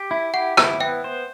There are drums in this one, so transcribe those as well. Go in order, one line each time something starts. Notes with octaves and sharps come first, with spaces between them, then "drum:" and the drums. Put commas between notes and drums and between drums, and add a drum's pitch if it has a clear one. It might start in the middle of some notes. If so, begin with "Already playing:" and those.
Already playing: G4
E4
G4 F#5
E4, drum: rim click
B3 E5 G5
C5